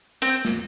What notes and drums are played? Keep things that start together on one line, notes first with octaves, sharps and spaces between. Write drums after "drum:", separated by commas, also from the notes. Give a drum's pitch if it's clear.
C4, drum: hi-hat
drum: snare